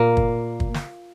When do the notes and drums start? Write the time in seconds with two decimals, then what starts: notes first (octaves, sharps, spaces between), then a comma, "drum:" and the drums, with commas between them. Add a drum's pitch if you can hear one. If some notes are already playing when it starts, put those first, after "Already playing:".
Already playing: A#2 A#3
0.17 drum: kick
0.60 drum: kick
0.74 drum: snare